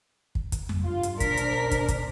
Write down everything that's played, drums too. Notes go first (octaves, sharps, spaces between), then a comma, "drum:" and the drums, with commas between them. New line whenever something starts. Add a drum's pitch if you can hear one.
drum: kick
drum: kick, hi-hat
drum: tom F2
G2 F4
drum: hi-hat
B1 D4 A#4 C5 B6, drum: kick, hi-hat
drum: hi-hat
drum: kick, hi-hat
drum: kick, hi-hat